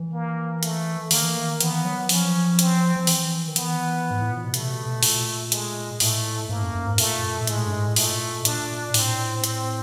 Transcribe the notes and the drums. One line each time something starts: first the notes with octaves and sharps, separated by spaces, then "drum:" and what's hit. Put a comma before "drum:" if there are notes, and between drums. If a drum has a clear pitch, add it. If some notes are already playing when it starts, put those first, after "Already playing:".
Already playing: E3
A#3
A3, drum: hi-hat
D#3 A#3, drum: open hi-hat
E3
D#3
E3 B3, drum: hi-hat
F#3
F3 C#4, drum: open hi-hat
C4, drum: hi-hat
F3
E3, drum: open hi-hat
D#3
E3 B3, drum: hi-hat
G#2
A2
A#2
B2
C3 A3, drum: hi-hat
B2
B2
A#2, drum: open hi-hat
G#3, drum: hi-hat
A2 A3, drum: open hi-hat
G#2 A#3
F#2
F#2
G#2
A#2 A3, drum: open hi-hat
A#2
A2 G#3, drum: hi-hat
G2
G#2
A2
A#2 A3, drum: open hi-hat
A#2 D4, drum: hi-hat
A2 C4, drum: open hi-hat
C4, drum: hi-hat